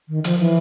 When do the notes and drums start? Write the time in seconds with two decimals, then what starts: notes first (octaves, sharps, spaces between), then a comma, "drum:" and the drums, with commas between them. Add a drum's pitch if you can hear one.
0.08 D#3
0.24 F3, drum: hi-hat
0.40 E3